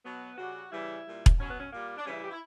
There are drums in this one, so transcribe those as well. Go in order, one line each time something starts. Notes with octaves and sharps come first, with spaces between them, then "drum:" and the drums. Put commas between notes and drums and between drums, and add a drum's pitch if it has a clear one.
B2 F#3 B3
C#3 G3 F#4
C#3 E3 G3 E4
A#2 G3
drum: kick E1
B2 F#3 C#4
B3
C#4
A#2 G3 A#3
D4
C#3 E3 G3 C#4
E4
G4
E4